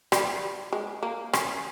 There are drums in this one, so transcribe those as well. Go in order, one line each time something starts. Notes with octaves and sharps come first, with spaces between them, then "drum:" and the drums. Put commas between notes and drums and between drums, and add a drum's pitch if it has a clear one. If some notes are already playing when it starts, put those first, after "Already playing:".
G3, drum: rim click
G#3
A#3
C#4, drum: rim click